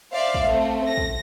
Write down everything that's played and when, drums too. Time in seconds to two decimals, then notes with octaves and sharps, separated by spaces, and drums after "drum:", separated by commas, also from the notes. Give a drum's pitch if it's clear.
0.13 C5 D5 E5 F5
0.34 drum: kick
0.47 A3 C4
0.87 A#6
0.97 drum: kick